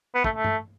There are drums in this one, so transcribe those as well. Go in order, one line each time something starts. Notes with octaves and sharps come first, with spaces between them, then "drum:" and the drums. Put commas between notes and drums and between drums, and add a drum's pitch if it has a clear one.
B3
A3, drum: kick
A3
drum: tom